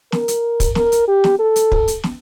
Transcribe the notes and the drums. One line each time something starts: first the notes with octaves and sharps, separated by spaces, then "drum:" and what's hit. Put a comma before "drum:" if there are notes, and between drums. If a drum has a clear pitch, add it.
A#4, drum: snare
drum: hi-hat
drum: kick, hi-hat
A#4, drum: snare
drum: hi-hat
G4
drum: snare
A4
drum: hi-hat
drum: kick
drum: hi-hat
drum: snare